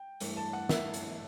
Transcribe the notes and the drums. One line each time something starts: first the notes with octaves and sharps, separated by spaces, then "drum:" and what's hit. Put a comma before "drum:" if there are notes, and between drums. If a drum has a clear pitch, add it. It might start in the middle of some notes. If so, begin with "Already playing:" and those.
Already playing: G5
G2 E3 A3, drum: hi-hat
A5
F#5
E5, drum: snare
drum: hi-hat